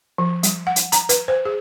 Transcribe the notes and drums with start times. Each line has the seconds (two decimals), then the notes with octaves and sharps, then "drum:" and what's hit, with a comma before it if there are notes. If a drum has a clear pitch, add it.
0.18 F3
0.43 G3, drum: hi-hat
0.67 F#5
0.76 drum: hi-hat
0.92 A#5, drum: hi-hat
1.09 B4, drum: hi-hat
1.28 C5
1.45 G#4